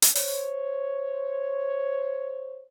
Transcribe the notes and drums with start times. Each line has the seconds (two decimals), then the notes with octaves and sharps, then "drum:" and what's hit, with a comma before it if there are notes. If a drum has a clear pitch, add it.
0.02 drum: hi-hat
0.15 C5 C#5, drum: open hi-hat